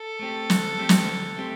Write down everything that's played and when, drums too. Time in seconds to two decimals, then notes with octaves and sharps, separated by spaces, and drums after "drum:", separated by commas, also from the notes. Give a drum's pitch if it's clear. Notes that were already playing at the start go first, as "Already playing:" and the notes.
Already playing: A4
0.19 A3 C4 G4
0.50 D3, drum: snare
0.78 A3 C4 G4
0.89 drum: snare
1.07 D3
1.37 A3 C4 G4